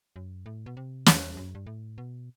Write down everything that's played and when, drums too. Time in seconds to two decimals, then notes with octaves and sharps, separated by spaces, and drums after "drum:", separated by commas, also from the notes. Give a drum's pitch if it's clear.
0.16 F#2
0.46 A2
0.66 B2
0.77 C3
1.06 E2, drum: snare
1.37 F#2
1.55 G2
1.67 A2
1.98 B2